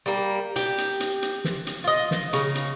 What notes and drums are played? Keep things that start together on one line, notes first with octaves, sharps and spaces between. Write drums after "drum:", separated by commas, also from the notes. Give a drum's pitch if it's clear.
G3 A#3
G4, drum: hi-hat
drum: hi-hat
drum: hi-hat
drum: hi-hat
drum: snare
drum: hi-hat
F4 D#5
drum: snare
C#3 A#4, drum: hi-hat
drum: hi-hat